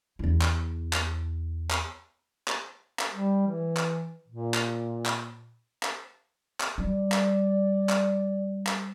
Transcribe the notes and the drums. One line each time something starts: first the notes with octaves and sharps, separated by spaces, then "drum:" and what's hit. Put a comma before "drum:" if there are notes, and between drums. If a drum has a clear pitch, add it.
E2 E4
drum: clap
drum: clap
drum: clap
drum: clap
drum: clap
G3
E3
drum: clap
A#2
drum: clap
drum: clap
drum: clap
drum: clap
G3 D5
drum: clap
drum: clap
drum: clap